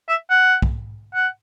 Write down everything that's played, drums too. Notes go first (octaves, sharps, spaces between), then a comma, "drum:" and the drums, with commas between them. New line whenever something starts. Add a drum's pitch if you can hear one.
E5
F#5
drum: kick B1
F#5